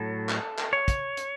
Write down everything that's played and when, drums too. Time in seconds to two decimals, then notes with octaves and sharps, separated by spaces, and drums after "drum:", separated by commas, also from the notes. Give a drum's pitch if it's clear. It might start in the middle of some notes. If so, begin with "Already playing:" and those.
Already playing: A2 F#3 A4
0.29 drum: clap
0.58 drum: clap
0.73 C#5
0.88 drum: kick, hi-hat
1.17 drum: hi-hat